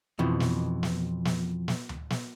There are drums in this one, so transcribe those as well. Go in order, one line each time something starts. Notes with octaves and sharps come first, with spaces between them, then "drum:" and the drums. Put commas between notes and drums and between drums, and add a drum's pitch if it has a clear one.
F2 B2 E3 F3
drum: snare
drum: snare
drum: snare
drum: snare
drum: tom D2
drum: snare